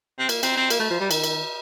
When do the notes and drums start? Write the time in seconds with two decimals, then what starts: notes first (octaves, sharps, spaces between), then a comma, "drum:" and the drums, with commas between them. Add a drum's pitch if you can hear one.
0.19 C4
0.29 A#3, drum: cymbal
0.43 C4, drum: cymbal
0.57 C4
0.70 A#3, drum: cymbal
0.80 A3
0.90 F3
1.00 G3
1.11 D#3, drum: cymbal
1.24 drum: cymbal